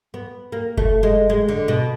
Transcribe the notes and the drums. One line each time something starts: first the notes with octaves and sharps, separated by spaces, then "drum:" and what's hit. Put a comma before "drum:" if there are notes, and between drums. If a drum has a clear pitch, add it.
B3
A#3
A3, drum: kick F#1
G#3
G#3
D3
B2